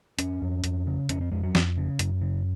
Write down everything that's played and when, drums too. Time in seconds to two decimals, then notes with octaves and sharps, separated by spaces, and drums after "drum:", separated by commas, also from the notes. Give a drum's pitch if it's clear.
0.19 F2 C#4, drum: hi-hat
0.42 F2
0.64 F2, drum: hi-hat
0.87 C#3
1.09 F2 C#4, drum: hi-hat
1.21 C4
1.32 F2 G#3
1.43 F#3
1.55 F2, drum: snare
1.77 C#3
1.99 F#2, drum: hi-hat
2.21 C#3